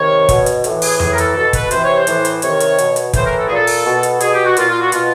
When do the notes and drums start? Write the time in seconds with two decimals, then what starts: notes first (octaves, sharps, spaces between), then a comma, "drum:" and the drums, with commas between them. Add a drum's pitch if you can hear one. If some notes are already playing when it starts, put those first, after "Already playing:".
Already playing: C3 D#3 C#5
0.29 B2, drum: kick, hi-hat
0.46 drum: hi-hat
0.64 A2 E3, drum: hi-hat
0.82 G#4, drum: open hi-hat
1.00 A2 E3 G#4, drum: tom F2
1.13 A#4
1.18 A4, drum: hi-hat
1.35 B2 A4
1.53 B4, drum: kick, hi-hat
1.71 C3 E3 C5, drum: hi-hat
1.84 C#5
1.97 C5
2.07 A2 E3, drum: hi-hat
2.25 drum: hi-hat
2.42 C3 D#3 C#5, drum: hi-hat
2.60 drum: hi-hat
2.78 B2, drum: hi-hat
2.96 drum: hi-hat
3.13 A2 E3 C5, drum: kick, hi-hat
3.26 A#4
3.38 A4
3.46 A#2 G#4
3.55 A4
3.67 drum: open hi-hat
3.85 B2
4.03 drum: hi-hat
4.20 B2 G#4, drum: hi-hat
4.33 G4
4.45 F#4
4.57 A#2 F4, drum: hi-hat
4.69 F4
4.80 F#4
4.92 B2 F4, drum: hi-hat